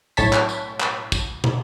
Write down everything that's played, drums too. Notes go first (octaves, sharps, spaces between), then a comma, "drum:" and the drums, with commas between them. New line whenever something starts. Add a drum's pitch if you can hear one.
B1 A2 C#5 A5 B6, drum: tambourine
drum: clap
drum: tambourine
drum: clap
drum: kick, tambourine
drum: tom